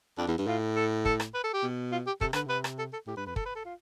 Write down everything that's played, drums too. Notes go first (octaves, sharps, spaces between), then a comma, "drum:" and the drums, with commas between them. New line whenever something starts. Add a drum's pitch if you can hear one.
F2 D4
E2
G2
A2 F4
A4
A4, drum: kick
drum: rim click
B4
A4
G4
B2
F4
G4
C3 A4, drum: kick
D3 B4, drum: rim click
C3 B4
drum: rim click
A4
A4
A2 G4
G2 B4
F2 B4
A4, drum: kick
B4
A4
F4